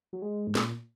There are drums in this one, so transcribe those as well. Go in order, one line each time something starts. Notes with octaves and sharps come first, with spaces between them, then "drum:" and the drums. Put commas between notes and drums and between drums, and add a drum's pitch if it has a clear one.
F#3
G#3
G#2
A#2, drum: snare